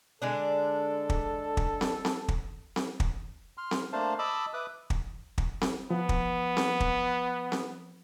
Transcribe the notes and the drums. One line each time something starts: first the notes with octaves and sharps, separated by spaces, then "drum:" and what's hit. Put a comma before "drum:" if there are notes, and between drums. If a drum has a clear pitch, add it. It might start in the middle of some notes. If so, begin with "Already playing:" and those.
D3 G#3 D4 A4
drum: kick
drum: kick
drum: snare C4
drum: snare C4
drum: kick
drum: snare C4
drum: kick
C6 F6
drum: snare C4
A3 A#3 D4 C5 F5 A5
D#5 A5 B5 D6 E6
B4 E5 D6 D#6 F#6
drum: kick
drum: kick
drum: snare C4
F3 B3
drum: kick
drum: snare C4
drum: kick
drum: snare C4